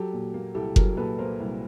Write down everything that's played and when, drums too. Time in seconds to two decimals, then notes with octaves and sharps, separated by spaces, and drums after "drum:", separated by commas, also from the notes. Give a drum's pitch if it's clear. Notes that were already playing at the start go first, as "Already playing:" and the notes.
Already playing: F#3 G4 A4
0.13 A#2
0.34 A#3
0.54 C2 G4 A4
0.76 F#3 G#4 A#4, drum: kick F#1
0.97 A#2 A4 B4
1.19 A#3 A#4 C5
1.40 C2